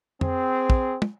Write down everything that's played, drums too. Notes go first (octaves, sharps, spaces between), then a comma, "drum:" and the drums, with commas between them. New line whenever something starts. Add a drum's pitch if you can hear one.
C4 G#4, drum: tom
drum: kick
drum: tom